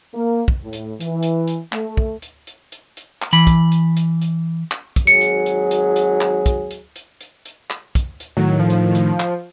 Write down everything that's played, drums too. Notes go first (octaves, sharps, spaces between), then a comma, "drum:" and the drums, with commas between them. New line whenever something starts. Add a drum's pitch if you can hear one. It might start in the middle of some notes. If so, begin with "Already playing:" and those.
A#3
drum: kick
A2
drum: hi-hat
E3, drum: hi-hat
drum: hi-hat
drum: hi-hat
A3, drum: clap
drum: kick
drum: hi-hat
drum: hi-hat
drum: hi-hat
drum: hi-hat
drum: clap
E3 B5
drum: kick, hi-hat
drum: hi-hat
drum: hi-hat
drum: hi-hat
drum: clap
drum: kick, hi-hat
G#1 F#3 G#4 C#7
drum: hi-hat
drum: hi-hat
drum: hi-hat
drum: hi-hat
drum: clap
drum: kick, hi-hat
drum: hi-hat
drum: hi-hat
drum: hi-hat
drum: hi-hat
drum: clap
drum: kick, hi-hat
drum: hi-hat
A2 D#3 F#3
F3
drum: hi-hat
drum: hi-hat
drum: clap